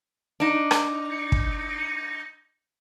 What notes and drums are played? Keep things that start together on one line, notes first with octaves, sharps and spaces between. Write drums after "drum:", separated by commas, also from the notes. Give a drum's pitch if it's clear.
D4 D#4
drum: rim click
drum: kick